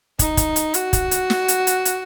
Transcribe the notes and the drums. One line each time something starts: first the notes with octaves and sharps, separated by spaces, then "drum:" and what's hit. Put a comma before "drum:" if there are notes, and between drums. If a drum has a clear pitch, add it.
D#4, drum: kick, hi-hat
drum: kick, hi-hat
drum: hi-hat
F#4, drum: hi-hat
drum: kick, hi-hat
drum: hi-hat
drum: snare
drum: hi-hat
drum: hi-hat
drum: hi-hat